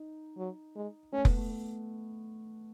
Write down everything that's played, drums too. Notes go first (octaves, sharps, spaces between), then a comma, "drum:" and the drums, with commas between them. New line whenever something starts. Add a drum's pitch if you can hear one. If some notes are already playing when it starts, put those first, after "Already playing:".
Already playing: D#4
F#3
G#3
A3 C#4
B3, drum: kick F1
A3
B3